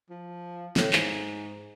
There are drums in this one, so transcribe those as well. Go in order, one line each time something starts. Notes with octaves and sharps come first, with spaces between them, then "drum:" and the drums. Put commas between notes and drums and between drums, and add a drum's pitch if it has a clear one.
F3
A2, drum: snare
G#2, drum: clap